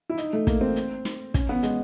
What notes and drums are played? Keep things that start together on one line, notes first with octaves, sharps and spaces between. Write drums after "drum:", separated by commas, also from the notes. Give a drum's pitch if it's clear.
E4
D#4, drum: hi-hat
A3
A#3, drum: kick, hi-hat
C4
drum: hi-hat
drum: snare
C#4, drum: kick, hi-hat
B3
G#3, drum: hi-hat